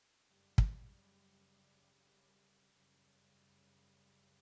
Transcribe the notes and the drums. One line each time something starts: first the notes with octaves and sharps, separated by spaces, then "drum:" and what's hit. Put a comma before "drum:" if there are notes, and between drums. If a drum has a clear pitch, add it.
F#2 C#3 G3
drum: kick
F#2 C#3 G3